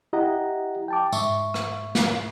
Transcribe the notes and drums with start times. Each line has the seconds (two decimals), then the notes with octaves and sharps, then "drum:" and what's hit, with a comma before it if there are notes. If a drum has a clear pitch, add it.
0.13 E4 G4 D#5 F#5 A#5
0.88 G5 A5 D6
1.12 G#2 E5 C#6, drum: tambourine
1.54 drum: rim click
1.95 drum: snare